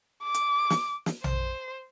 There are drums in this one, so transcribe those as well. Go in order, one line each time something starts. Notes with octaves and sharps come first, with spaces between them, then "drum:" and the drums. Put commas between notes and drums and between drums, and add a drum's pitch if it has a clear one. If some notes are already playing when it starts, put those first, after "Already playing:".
D6
drum: hi-hat
drum: snare
drum: snare
C5, drum: tom A#1